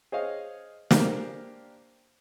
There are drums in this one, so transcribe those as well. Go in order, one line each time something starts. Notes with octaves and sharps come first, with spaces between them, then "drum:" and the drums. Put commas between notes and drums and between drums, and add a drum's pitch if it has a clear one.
G#4 C5 C#5 D#5 F5
A#3 D4 G4 C5 F5 A#5, drum: snare